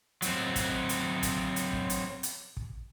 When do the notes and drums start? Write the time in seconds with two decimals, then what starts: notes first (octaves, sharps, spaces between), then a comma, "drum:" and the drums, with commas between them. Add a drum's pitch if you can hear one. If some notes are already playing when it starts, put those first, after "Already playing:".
0.22 F#3 C4, drum: hi-hat
0.56 drum: kick, hi-hat
0.89 drum: hi-hat
1.23 drum: kick, hi-hat
1.56 drum: hi-hat
1.73 drum: kick
1.90 drum: hi-hat
2.23 drum: hi-hat
2.57 drum: kick